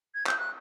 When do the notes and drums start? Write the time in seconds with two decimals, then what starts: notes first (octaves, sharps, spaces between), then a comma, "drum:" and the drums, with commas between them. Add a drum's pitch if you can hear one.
0.14 G#6
0.26 G6, drum: clap
0.39 F#6